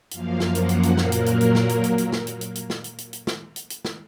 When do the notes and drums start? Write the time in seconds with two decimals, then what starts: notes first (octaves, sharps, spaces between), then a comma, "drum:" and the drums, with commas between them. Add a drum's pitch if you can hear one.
0.11 F#2 F3 A#3 F5, drum: hi-hat
0.40 drum: snare
0.55 F#5, drum: hi-hat
0.69 drum: hi-hat
0.83 drum: hi-hat
0.97 A#2 F#3 A#3 A#4, drum: snare
1.12 drum: hi-hat
1.26 drum: hi-hat
1.41 drum: hi-hat
1.55 drum: snare
1.69 drum: hi-hat
1.84 drum: hi-hat
1.98 drum: hi-hat
2.12 drum: snare
2.27 drum: hi-hat
2.41 drum: hi-hat
2.55 drum: hi-hat
2.70 drum: snare
2.84 drum: hi-hat
2.98 drum: hi-hat
3.13 drum: hi-hat
3.27 drum: snare
3.56 drum: hi-hat
3.70 drum: hi-hat
3.85 drum: snare